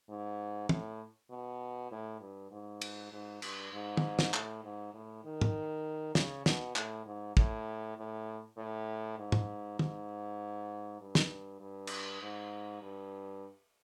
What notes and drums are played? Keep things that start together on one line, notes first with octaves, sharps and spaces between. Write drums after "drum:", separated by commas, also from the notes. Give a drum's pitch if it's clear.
G#2
A2, drum: tom
B2
A2
G2
G#2
drum: cymbal
G#2
G2, drum: cymbal
G#2
drum: tom
drum: snare
A2, drum: clap
G#2
A2
D#3
drum: tom
C#3, drum: snare
B2, drum: snare
A2, drum: clap
G#2
A2, drum: kick
A2
A2
G#2
drum: tom
G#2, drum: tom
G2
drum: snare
G2
drum: cymbal
G#2
G2